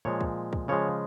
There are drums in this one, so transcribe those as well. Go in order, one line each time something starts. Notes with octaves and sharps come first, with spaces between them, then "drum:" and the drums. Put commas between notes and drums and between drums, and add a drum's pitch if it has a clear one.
A#2 F3 G#3 C#5
drum: kick
drum: kick
C#3 F3 G#3 C#5